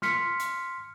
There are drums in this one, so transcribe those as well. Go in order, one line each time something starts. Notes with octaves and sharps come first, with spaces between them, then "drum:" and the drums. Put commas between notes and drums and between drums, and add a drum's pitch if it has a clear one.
C6 F6 B6 C#7, drum: snare
drum: hi-hat